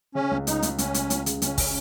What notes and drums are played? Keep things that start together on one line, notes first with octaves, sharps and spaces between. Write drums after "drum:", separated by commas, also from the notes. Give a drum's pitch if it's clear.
C#3 C#4
C#2
C#2 D#4, drum: hi-hat
C#2, drum: hi-hat
C#2 C#4, drum: hi-hat
C#2, drum: hi-hat
C#2, drum: hi-hat
C#3, drum: hi-hat
C#2 C#4, drum: hi-hat
drum: kick, open hi-hat